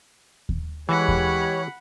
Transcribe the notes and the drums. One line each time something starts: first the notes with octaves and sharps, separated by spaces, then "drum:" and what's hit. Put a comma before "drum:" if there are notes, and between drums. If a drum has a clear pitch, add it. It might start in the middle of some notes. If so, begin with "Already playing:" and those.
drum: kick D#2
E3 G#3 G4 C#5 F#5 B5
drum: kick D#2